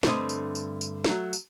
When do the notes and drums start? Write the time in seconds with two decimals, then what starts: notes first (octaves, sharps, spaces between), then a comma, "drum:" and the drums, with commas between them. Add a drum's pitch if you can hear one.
0.03 G2 D3 G#3 A3 C4 D#5, drum: snare
0.29 drum: tambourine
0.55 drum: tambourine
0.81 drum: tambourine
1.04 F#3 A3, drum: snare
1.33 drum: tambourine